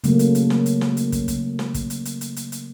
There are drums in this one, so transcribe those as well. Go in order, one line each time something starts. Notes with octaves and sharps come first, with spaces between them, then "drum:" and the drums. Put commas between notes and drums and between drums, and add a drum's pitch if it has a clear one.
C#3 F#3 A3 A#3, drum: hi-hat
drum: hi-hat
drum: hi-hat
drum: snare
drum: hi-hat
drum: snare
drum: hi-hat
drum: kick, hi-hat
drum: kick, hi-hat
drum: snare
drum: kick, hi-hat
drum: hi-hat
drum: hi-hat
drum: hi-hat
drum: hi-hat
drum: hi-hat